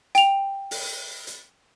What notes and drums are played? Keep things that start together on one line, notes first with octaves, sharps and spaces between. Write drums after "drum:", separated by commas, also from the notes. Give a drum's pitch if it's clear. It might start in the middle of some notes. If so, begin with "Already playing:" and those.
G5 F7, drum: hi-hat
drum: open hi-hat
drum: hi-hat